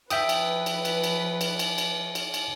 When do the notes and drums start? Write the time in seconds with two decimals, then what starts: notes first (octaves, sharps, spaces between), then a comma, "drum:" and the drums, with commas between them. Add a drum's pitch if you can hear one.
0.10 F3 B4 E5 G5 D#6, drum: cymbal
0.29 drum: cymbal
0.66 drum: cymbal
0.85 drum: cymbal
1.04 drum: cymbal
1.41 drum: cymbal
1.59 drum: cymbal
1.78 drum: cymbal
2.15 drum: cymbal
2.34 drum: cymbal